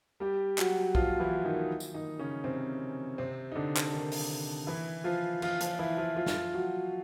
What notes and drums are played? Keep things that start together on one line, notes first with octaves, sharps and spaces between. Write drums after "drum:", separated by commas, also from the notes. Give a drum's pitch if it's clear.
G3 G4
F#3 F#4, drum: clap
F3 F4, drum: kick B1
E3 E4
D#3 D#4
drum: tambourine
D#3 D#4
C#3 C#4
C3 C4
C3 C4
D#4
D3 D4
drum: clap
D#3 D#4
drum: open hi-hat
E3 E4
F3 F4
F3 F4, drum: cymbal
F3 F4, drum: hi-hat
E3 E4
F3 F4
F3 F4
drum: snare
F#3 F#4